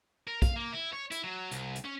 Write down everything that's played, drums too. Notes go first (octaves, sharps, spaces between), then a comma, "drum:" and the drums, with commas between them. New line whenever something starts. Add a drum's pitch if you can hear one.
A#4
F5, drum: kick, hi-hat
A#3
E4
C#5
E4, drum: hi-hat
F#3
C2, drum: hi-hat
drum: hi-hat
C#4